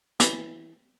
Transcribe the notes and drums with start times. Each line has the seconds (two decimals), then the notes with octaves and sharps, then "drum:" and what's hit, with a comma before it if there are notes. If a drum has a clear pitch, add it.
0.20 E3, drum: hi-hat